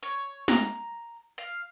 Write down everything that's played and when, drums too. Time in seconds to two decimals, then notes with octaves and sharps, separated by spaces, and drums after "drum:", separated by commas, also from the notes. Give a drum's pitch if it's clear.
0.03 C#5
0.48 A#5, drum: snare
1.38 F5